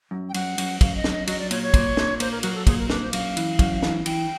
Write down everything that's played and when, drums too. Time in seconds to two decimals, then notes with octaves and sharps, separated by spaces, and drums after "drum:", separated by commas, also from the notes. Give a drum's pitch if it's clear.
0.11 F#2
0.29 G5
0.34 F#2 F#5, drum: cymbal
0.58 F#2, drum: cymbal
0.81 F#2 F5, drum: kick, cymbal
0.96 D#5
1.04 F#2, drum: snare
1.12 D#5
1.27 F#3 D#5, drum: cymbal
1.39 D5
1.51 A#2 C#5, drum: cymbal
1.62 C#5
1.74 A#2, drum: kick, cymbal
1.97 A#2, drum: snare
2.20 A#3 C5, drum: cymbal
2.31 A#4
2.43 F#3 A#4, drum: cymbal
2.54 A4
2.67 A#2 G#4, drum: kick, cymbal
2.78 A#4
2.90 A#3 B4, drum: snare
3.02 C5
3.13 F#2 F5, drum: cymbal
3.37 E3, drum: cymbal
3.59 F#2, drum: kick, cymbal
3.83 E3, drum: snare
4.06 E3 G5, drum: cymbal